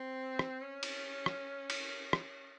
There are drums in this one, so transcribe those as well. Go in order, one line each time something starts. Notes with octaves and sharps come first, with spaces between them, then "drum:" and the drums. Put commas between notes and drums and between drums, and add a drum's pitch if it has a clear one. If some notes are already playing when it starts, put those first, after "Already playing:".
Already playing: C4
drum: rim click
C#4
drum: cymbal
drum: rim click
drum: cymbal
drum: rim click